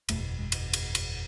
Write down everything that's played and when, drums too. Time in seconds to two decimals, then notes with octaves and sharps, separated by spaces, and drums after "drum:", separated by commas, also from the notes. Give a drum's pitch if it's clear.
0.09 F#1 E2 B2 A3, drum: cymbal
0.38 G#3
0.52 drum: cymbal
0.73 drum: cymbal
0.95 drum: cymbal